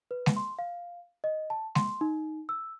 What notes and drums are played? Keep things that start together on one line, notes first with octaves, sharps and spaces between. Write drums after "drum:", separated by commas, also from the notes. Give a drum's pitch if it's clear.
B4
drum: snare G#3
C6
F5
D#5
A5
C6, drum: snare G#3
D#4
E6